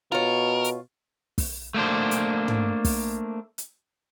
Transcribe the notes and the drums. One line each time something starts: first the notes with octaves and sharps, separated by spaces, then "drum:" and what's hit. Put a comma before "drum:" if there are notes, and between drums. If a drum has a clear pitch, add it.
B2 F4 A#4 C#5
drum: hi-hat
drum: kick, open hi-hat
A3 A#3 D4 C5
drum: hi-hat
drum: tom
drum: kick, open hi-hat
drum: hi-hat